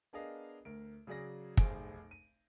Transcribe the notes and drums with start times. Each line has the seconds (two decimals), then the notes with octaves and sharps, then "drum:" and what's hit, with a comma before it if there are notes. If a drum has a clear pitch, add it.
0.13 B3 D4 G#4 A#4 D#5 F5
0.65 D2 A#4 D7
1.07 C#3 F#3 G#4 D5 A#6
1.57 F1 B1 G#4 C5 G#5 D7, drum: kick
2.11 D#7